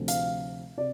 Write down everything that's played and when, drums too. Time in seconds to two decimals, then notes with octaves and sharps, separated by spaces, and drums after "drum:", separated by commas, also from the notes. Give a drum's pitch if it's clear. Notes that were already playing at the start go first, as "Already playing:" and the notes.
Already playing: D2 C3 F3
0.08 F5, drum: hi-hat
0.78 C3 D5